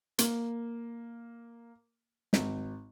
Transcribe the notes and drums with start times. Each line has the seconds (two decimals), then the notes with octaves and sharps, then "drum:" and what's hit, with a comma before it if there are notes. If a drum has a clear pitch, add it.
0.18 A#3, drum: hi-hat
2.33 G#1, drum: snare